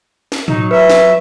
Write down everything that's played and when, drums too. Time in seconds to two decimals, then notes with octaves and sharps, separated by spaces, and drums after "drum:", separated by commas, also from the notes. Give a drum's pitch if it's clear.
0.32 drum: snare
0.48 F#3 D#4, drum: tom A2
0.71 B4 E5
0.90 drum: snare